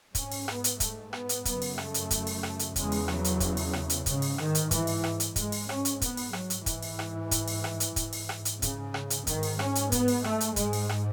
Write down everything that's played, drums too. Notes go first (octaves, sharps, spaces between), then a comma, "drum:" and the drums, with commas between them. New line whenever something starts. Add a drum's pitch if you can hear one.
G#2 C#4, drum: kick, hi-hat
drum: open hi-hat
B3, drum: rim click
drum: hi-hat
A3, drum: kick, hi-hat
B3, drum: rim click
drum: hi-hat
F#2 C#3 B3, drum: kick, hi-hat
drum: open hi-hat
A3, drum: rim click
drum: hi-hat
drum: kick, hi-hat
drum: open hi-hat
drum: rim click
drum: hi-hat
E2 C#3 G#3, drum: kick, hi-hat
drum: open hi-hat
F#3, drum: rim click
drum: hi-hat
F#3, drum: kick, hi-hat
drum: open hi-hat
drum: rim click
drum: hi-hat
G#2 C#3, drum: kick, hi-hat
drum: open hi-hat
D#3, drum: rim click
drum: hi-hat
E3, drum: kick, hi-hat
drum: open hi-hat
drum: rim click
drum: hi-hat
G#2 G#3, drum: kick, hi-hat
drum: open hi-hat
C#4, drum: rim click
drum: hi-hat
B3, drum: kick, hi-hat
drum: open hi-hat
F#3, drum: rim click
drum: hi-hat
G#2 E3, drum: kick, hi-hat
drum: open hi-hat
drum: rim click
drum: kick, hi-hat
drum: open hi-hat
drum: rim click
drum: hi-hat
G#2, drum: kick, hi-hat
drum: open hi-hat
drum: rim click
drum: hi-hat
C#3, drum: kick, hi-hat
drum: rim click
drum: hi-hat
G#2 D#3, drum: kick, hi-hat
drum: open hi-hat
C#4, drum: rim click
drum: hi-hat
B3, drum: kick, hi-hat
drum: open hi-hat
A3, drum: rim click
drum: hi-hat
G#2 G#3, drum: kick, hi-hat
drum: open hi-hat
drum: rim click